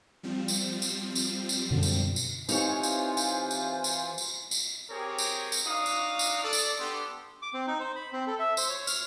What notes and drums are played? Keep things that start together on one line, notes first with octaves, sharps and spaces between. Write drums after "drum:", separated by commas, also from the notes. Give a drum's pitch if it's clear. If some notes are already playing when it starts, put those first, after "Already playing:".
F3 G3 C4
drum: tambourine
drum: tambourine
drum: tambourine
drum: tambourine
F#2 B2 D3
drum: tambourine
drum: tambourine
E3 C4 D#4 F4 G4 C5 C#5 G#5, drum: tambourine
drum: tambourine
drum: tambourine
drum: tambourine
drum: tambourine
drum: tambourine
drum: tambourine
C4 G4 G#4 A#4 C#5
drum: tambourine
drum: tambourine
D4 D#4 F#4 F5 D#6
drum: tambourine
drum: tambourine
A4 D5
drum: tambourine
B3 D4 G4 A4 C6
D6
C4
D#4
C5
B5
C4
A4
E5
C5, drum: tambourine
C#5
F6, drum: tambourine